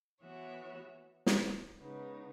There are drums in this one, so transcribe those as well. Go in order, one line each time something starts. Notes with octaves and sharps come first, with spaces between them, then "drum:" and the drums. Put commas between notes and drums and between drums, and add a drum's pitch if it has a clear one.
E3 B3 F#4 C#5 E5
drum: snare
C#3 G#3 B3 D#4